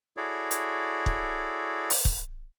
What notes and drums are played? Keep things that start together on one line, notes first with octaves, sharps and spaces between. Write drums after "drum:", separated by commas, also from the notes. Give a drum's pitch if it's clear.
E4 F#4 G#4 A4 C#5 D5
drum: hi-hat
drum: kick
drum: open hi-hat
drum: kick